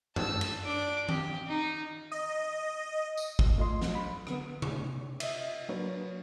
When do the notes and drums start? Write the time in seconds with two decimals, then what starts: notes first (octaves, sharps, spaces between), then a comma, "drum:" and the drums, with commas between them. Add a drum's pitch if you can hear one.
0.16 A5 E6, drum: tom
0.41 drum: cymbal
0.63 D4 D6
1.09 G4, drum: tom D#3
1.47 D#4
2.12 D#5
3.17 drum: tambourine
3.39 drum: kick
3.57 C2 A3 F4 D#5 C6
3.81 drum: snare
3.95 B5
4.27 D3 B3, drum: rim click
4.62 drum: tom C3
5.20 D#5 E5, drum: cymbal
5.69 F#3 A#3 D4 B4 C#5